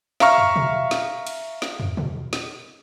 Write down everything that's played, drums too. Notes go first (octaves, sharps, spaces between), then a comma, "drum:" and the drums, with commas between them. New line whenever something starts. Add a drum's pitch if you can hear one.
E5 F5 A#5 C#6 F6, drum: snare
drum: tom
drum: tom A#2
drum: snare
drum: cymbal
drum: snare
drum: tom
drum: tom A#2
drum: snare